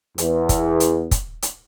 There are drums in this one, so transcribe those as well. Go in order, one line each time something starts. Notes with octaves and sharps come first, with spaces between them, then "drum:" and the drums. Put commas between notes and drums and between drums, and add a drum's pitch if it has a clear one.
E2, drum: hi-hat
drum: kick, hi-hat
drum: hi-hat
drum: kick, hi-hat
drum: hi-hat